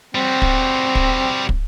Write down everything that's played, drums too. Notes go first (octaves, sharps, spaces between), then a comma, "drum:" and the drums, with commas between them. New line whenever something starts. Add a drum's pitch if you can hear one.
G3 C4 F#4
drum: kick
drum: kick
drum: kick